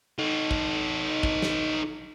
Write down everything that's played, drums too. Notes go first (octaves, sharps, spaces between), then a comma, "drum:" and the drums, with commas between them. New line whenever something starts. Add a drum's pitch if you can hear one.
D#4 A4
drum: kick
drum: kick
drum: snare